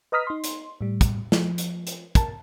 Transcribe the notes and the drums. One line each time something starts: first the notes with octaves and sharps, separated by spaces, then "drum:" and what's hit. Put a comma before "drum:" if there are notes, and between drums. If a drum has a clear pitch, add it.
B4 D#5 A#5 D#6 F6 B6
D#4 C6
drum: hi-hat
A2 G3
drum: kick, hi-hat
F3, drum: snare
drum: hi-hat
drum: hi-hat
A#4 A5, drum: kick, hi-hat